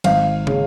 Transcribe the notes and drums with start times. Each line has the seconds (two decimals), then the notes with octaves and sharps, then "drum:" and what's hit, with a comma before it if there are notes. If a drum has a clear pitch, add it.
0.04 G#1 F5, drum: cymbal
0.47 C#3, drum: tom